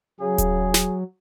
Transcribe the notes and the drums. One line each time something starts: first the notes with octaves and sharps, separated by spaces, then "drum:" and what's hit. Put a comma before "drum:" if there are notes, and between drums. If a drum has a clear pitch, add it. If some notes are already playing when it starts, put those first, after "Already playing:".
C#3 F#3 G#4
drum: kick D#1, hi-hat
drum: snare